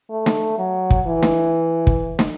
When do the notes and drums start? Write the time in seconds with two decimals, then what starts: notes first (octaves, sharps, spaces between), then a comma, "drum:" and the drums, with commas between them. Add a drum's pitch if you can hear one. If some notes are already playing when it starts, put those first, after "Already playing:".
0.10 A3
0.26 drum: snare
0.58 F#3
0.90 drum: kick
1.07 E3
1.23 drum: snare
1.87 drum: kick
2.19 drum: snare